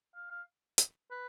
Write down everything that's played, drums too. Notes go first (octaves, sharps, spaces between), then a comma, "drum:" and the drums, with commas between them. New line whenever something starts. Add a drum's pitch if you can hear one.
F5
F5
drum: hi-hat
B4